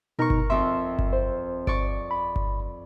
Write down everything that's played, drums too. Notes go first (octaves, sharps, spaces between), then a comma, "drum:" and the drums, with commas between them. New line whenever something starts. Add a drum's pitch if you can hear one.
B2 D#4 A#4 A#5 C#6
drum: kick G1
F2 C4 E5 C6
drum: kick G1
C5
D5 C#6, drum: kick G1
B5
drum: kick G1